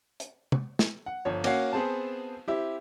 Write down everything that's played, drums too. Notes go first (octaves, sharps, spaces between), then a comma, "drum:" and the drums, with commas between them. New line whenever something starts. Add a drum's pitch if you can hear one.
drum: hi-hat
drum: tom
drum: snare
F#5
G1 F3 C#5
A#3 C#4 F#4 C#5 F#5 C7, drum: cymbal
B3 C4 G#4 C5 A5
C4 E4 G4